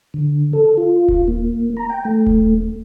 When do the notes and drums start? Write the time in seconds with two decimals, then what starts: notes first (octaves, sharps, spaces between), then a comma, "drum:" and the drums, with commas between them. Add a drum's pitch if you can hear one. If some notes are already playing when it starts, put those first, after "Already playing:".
0.14 D3
0.53 A4
0.77 F4
1.08 drum: kick D#1
1.28 A#3
1.77 A#5
1.90 G5
2.05 A3
2.26 drum: kick D#1